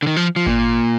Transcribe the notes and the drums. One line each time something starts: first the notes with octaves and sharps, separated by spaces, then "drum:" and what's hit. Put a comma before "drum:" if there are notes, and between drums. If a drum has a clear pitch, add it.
D3
D#3
F3
F3
A#2, drum: kick G#1